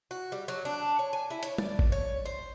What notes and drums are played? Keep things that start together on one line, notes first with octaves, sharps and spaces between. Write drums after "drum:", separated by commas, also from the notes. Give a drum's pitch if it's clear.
F#4
G3
F#3
D4
C#5
G#5
E4
C#5, drum: hi-hat
D5, drum: tom
drum: kick G#1
C#5
C5